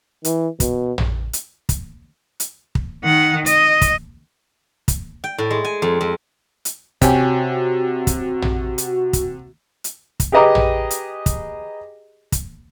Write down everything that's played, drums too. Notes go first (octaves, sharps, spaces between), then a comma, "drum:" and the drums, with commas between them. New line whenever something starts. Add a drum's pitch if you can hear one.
E3, drum: hi-hat
B2, drum: kick, hi-hat
drum: tom
drum: hi-hat
drum: kick, hi-hat
drum: hi-hat
drum: kick
D#3 F#5
D#5, drum: hi-hat
drum: kick, hi-hat
drum: kick, hi-hat
G5
A2
G#3
G#5
F2
F2
drum: hi-hat
C3 C#4 F#4 G4, drum: kick, hi-hat
drum: kick, hi-hat
drum: tom
drum: hi-hat
drum: kick, hi-hat
drum: hi-hat
drum: kick, hi-hat
G4 G#4 B4 D#5 A#5 D6
drum: tom
drum: hi-hat
drum: kick, hi-hat
drum: kick, hi-hat